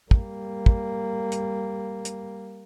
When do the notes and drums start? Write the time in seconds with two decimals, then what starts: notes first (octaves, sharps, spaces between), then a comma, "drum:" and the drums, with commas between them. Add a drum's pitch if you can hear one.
0.11 G3 A#3, drum: kick
0.66 drum: kick
1.32 drum: hi-hat
2.05 drum: hi-hat